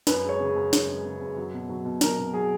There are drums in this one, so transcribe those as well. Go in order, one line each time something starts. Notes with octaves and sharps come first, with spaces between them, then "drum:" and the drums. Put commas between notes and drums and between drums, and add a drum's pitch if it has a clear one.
F#2 B4, drum: snare
G#3 C#5
C#3
F#2
F#2, drum: snare
G#3
C#3
F#2
F#3
B2
F#3
B2
F#3 A#4, drum: snare
B2
F#3 G#4